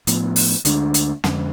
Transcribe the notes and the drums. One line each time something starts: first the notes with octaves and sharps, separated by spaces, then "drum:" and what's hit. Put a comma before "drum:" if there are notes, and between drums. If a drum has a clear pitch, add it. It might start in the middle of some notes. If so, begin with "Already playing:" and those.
A2 F3 B3, drum: hi-hat
drum: open hi-hat
D2 D3 G#3 D4, drum: hi-hat
drum: hi-hat
F2 D3 G#3 C#4, drum: snare